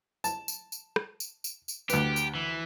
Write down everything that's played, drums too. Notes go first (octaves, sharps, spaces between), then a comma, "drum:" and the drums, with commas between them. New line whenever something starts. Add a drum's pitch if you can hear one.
A5, drum: tambourine
drum: tambourine
drum: tambourine
drum: rim click
drum: tambourine
drum: tambourine
drum: tambourine
D2 G4 B4, drum: tambourine
drum: tambourine
E3